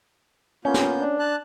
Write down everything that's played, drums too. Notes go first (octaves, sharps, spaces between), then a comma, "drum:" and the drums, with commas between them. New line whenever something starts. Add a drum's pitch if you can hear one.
A#3 B3 C#4 F4 G6
drum: snare
D4
A5 F#6